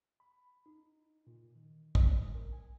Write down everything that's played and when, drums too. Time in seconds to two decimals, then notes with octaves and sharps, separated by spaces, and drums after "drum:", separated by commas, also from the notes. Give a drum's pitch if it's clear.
0.20 B5
0.66 D#4
1.27 A#2
1.56 D#3
1.95 D#6, drum: kick
2.35 A#4
2.53 G#5